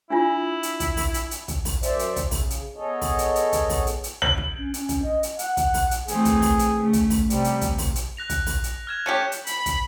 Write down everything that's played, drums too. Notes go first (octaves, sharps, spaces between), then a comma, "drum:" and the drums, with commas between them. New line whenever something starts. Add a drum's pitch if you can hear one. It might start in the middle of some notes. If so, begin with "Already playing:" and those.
D4 E4 F4
drum: hi-hat
drum: kick, hi-hat
drum: kick, open hi-hat
drum: hi-hat
drum: hi-hat
drum: kick, hi-hat
drum: kick, open hi-hat
F#2 C5 D5 E5, drum: hi-hat
drum: hi-hat
drum: kick, hi-hat
C#3, drum: kick, open hi-hat
drum: hi-hat
B3 G#4 A4 C#5 D#5
drum: kick, open hi-hat
drum: hi-hat
drum: hi-hat
drum: kick, hi-hat
drum: kick, open hi-hat
drum: hi-hat
drum: hi-hat
F#7, drum: kick
drum: kick
C#4
C#4, drum: hi-hat
drum: kick, hi-hat
D#5
drum: hi-hat
F#5, drum: hi-hat
drum: kick, hi-hat
drum: kick, open hi-hat
drum: hi-hat
E3 A3 C4 G#4, drum: hi-hat
drum: kick, hi-hat
drum: kick, open hi-hat
drum: hi-hat
C#3 A3
drum: kick, hi-hat
drum: kick, open hi-hat
C3 G3, drum: hi-hat
drum: hi-hat
drum: kick, hi-hat
drum: kick, open hi-hat
drum: hi-hat
F#6 A#6 F7
drum: kick, hi-hat
drum: kick, open hi-hat
drum: hi-hat
F6 G#6 E7
A3 C#4 G4 C#7 E7
drum: hi-hat
B5, drum: hi-hat
drum: kick, hi-hat